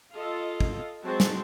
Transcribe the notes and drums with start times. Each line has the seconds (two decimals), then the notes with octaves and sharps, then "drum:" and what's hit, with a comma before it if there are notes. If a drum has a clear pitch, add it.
0.15 F4 A4 D#5 F5
0.60 drum: kick
1.04 F#3 G#3 C4 F#4 C5 A5
1.20 drum: snare